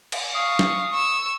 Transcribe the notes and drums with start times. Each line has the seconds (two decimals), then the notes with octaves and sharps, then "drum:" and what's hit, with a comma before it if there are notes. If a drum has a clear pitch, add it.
0.12 drum: cymbal
0.34 F5 C#6 D#6
0.59 drum: snare
0.91 C#6 E6